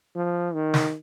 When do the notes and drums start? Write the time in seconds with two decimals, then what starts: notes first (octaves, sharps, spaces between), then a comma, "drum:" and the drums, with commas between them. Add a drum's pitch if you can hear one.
0.16 F3
0.54 D#3
0.74 drum: snare